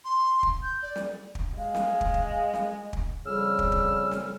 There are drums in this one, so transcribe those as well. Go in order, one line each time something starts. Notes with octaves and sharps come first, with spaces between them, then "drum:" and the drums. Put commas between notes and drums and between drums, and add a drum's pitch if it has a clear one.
C6
drum: kick
G6
D5
drum: snare
drum: kick
G#3 F5
drum: snare
drum: kick
drum: kick
drum: snare
drum: kick
F2 C#3 G3 E6 F6
drum: kick
drum: kick
drum: snare